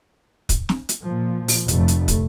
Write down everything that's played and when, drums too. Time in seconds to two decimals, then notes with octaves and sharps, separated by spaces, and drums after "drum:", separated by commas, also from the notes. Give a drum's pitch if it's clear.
0.49 drum: kick, hi-hat
0.69 drum: snare
0.89 drum: hi-hat
1.03 A#2 F3
1.48 drum: open hi-hat
1.68 F1 A3, drum: hi-hat
1.88 drum: hi-hat
2.08 drum: kick, hi-hat